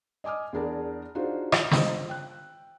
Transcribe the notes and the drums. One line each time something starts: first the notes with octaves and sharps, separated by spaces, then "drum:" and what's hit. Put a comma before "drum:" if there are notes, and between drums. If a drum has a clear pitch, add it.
D#5 G#5 D6 D#6 F6
E2 D4 G#4 A#4 A5
D4 D#4 F4 F#4 G#4 C5
drum: rim click
F4 C5 D#5 D#6 E6, drum: snare
G5 F#6